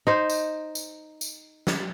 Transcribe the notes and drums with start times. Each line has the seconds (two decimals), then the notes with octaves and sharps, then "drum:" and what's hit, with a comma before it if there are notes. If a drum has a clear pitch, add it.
0.07 D#4 C5
0.30 drum: tambourine
0.75 drum: tambourine
1.21 drum: tambourine
1.67 drum: snare